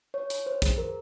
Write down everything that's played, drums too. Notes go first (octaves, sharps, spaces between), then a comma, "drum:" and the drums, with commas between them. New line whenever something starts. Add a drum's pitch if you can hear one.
C#5
drum: hi-hat
C5
G#4, drum: kick, hi-hat
A#4